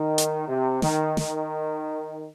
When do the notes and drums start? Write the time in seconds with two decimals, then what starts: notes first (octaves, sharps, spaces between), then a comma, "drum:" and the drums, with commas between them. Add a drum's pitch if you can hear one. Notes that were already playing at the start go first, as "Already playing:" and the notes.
Already playing: D#3
0.18 drum: hi-hat
0.47 C3
0.82 D#3, drum: snare
1.17 D#3, drum: snare